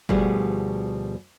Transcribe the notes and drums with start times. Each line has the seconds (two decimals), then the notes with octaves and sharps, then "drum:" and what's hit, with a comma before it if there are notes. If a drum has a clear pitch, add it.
0.09 D2 B2 F3 G3 B3 G#4, drum: kick G1